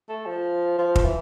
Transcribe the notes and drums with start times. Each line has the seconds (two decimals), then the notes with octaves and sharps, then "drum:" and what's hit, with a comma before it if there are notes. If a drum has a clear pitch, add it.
0.09 A3
0.26 F3
0.79 F3
0.96 drum: kick
1.05 E3